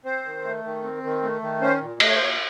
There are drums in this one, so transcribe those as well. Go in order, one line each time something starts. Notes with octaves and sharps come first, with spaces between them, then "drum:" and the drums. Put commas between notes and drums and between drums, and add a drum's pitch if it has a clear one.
C4 C5
D#3
A3
D#3
C4
D#3
A3
D#3
C#4 C5
A#2
A3 D#5, drum: cymbal
C#5
C5
A#2 C#5